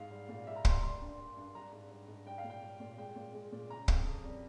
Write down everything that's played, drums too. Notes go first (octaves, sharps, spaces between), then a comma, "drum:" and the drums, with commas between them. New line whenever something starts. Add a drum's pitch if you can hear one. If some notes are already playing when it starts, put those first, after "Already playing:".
Already playing: G#2 F5
G3
A#2
G3 E5
A#5
A#2 C6, drum: kick
A#5
G3 C6
G2
G3
G2
G3 A#5
G#2
G3
G#2
G3 G5
F5
A#2
G5
G3
A#2
G#3 G5
A#2
G#3
A#2
C#3 A#5
F2, drum: kick
F2
G3